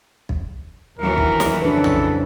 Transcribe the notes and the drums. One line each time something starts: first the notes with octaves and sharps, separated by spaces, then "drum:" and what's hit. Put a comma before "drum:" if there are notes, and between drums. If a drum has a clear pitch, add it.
drum: kick
D#2 D3 E3 F#3 A#4
drum: kick
drum: snare
F2 C#3 C#4 D4 A4 B4
drum: tom A#1